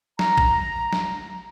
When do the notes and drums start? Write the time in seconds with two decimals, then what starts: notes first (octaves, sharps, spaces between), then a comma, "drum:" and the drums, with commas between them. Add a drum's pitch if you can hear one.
0.19 A#5, drum: snare
0.38 drum: kick A#1
0.93 drum: snare